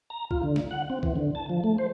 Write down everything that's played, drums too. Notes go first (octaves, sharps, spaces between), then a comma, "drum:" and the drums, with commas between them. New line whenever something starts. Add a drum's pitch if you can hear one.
A#5
F4, drum: kick
D3
drum: snare
F#5
C4
E3, drum: kick
D3
A5
F3
A3
C5